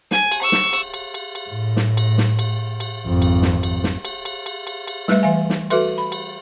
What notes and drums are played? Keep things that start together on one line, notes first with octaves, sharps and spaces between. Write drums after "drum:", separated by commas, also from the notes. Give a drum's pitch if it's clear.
G#5, drum: snare
drum: cymbal
C#6 E6
drum: snare
drum: cymbal
drum: cymbal
drum: cymbal
drum: cymbal
A2
drum: snare
drum: cymbal
drum: snare
drum: cymbal
drum: cymbal
G#1 F2
drum: cymbal
drum: snare
drum: cymbal
drum: snare
drum: cymbal
drum: cymbal
drum: cymbal
drum: cymbal
drum: cymbal
G3 A3 B4 E5, drum: snare
E3 E5 F5 G#5
drum: snare
F#4 A4 B4 E5 C6, drum: cymbal
B5
drum: cymbal